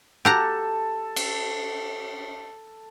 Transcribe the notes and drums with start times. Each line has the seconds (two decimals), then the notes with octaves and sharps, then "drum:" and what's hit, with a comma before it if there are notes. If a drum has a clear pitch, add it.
0.25 G4 A4 F#5 A#5
1.16 drum: cymbal